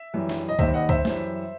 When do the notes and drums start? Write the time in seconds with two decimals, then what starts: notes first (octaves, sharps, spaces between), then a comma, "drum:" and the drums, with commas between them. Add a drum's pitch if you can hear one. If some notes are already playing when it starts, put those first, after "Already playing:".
Already playing: E5
0.14 F#2 E3 G3
0.29 drum: snare
0.49 D#5
0.59 D#2 D#3 G3 C5 E5, drum: kick C#2
0.74 D#5 F#5
0.89 C5 E5, drum: kick C#2
1.05 F#2 E3 G3, drum: snare